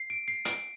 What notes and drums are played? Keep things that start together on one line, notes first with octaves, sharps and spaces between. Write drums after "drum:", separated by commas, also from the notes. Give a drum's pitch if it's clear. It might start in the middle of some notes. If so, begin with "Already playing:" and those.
Already playing: C7
D7
C7
D7, drum: hi-hat